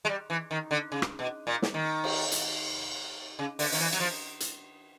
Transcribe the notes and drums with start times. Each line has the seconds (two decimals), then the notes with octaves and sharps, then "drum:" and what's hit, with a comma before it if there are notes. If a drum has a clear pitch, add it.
0.05 G#3
0.09 G3
0.30 E3
0.51 D#3
0.71 D3
0.92 C#3
1.02 drum: rim click
1.19 B2
1.47 A#2
1.62 drum: snare
1.74 D#3
2.04 drum: cymbal
2.32 drum: hi-hat
3.39 C#3
3.59 D3, drum: open hi-hat
3.72 D#3, drum: open hi-hat
3.80 E3
3.93 F#3, drum: cymbal
4.00 F3
4.40 drum: hi-hat